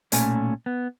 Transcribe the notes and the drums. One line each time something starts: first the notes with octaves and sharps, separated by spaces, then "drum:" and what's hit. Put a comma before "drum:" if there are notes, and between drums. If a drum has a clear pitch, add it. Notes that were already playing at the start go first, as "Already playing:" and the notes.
B1 A#2 A3 C#4 G#5, drum: hi-hat
B3